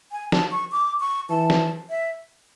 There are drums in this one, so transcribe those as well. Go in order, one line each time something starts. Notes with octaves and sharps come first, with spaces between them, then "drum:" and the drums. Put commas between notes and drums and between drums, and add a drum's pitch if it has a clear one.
G#5
A5, drum: snare
C#6
D6
C#6
E3 A5
drum: snare
E5